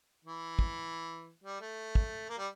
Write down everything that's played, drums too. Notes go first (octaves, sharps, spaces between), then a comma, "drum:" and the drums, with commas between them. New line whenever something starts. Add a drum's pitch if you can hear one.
E3
drum: kick
G3
A3
drum: kick
A#3
G3